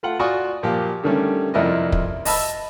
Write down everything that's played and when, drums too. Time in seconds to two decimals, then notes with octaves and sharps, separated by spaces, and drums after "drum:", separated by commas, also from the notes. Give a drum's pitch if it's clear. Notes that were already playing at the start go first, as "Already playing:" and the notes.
0.03 A3 F4 F#5
0.19 F4 F#4 D5 G#5 C#6 D#6
0.63 A#2 F3 G4 F5
1.04 D3 D#3 G3 A3 C#4
1.54 F2 C3 E4 A#4 D5 D#5
1.92 drum: kick
2.25 D#5 A5 B5 E6, drum: open hi-hat